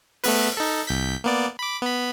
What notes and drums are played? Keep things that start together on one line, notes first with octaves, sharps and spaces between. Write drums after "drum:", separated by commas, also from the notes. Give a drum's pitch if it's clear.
A3 B3 B4, drum: open hi-hat
D#4 A4
C2 G6 B6
A#3 B3 D5
B5 D6
B3 B5